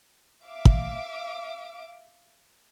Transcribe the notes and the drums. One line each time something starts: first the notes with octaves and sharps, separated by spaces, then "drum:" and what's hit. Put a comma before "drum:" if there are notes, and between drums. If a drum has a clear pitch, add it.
E5 F5 D6
drum: kick